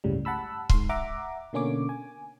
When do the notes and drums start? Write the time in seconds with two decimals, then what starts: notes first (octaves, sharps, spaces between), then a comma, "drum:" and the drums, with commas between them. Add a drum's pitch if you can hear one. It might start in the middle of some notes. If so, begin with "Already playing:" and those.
0.04 G1 C#2 A2 C#3 G3
0.25 F#5 A5 B5 E6
0.69 G#2 C6, drum: kick C#1
0.89 E5 F#5 A#5 D6
1.53 B2 D3 A#3 C#4 C#5 D6
1.89 G#5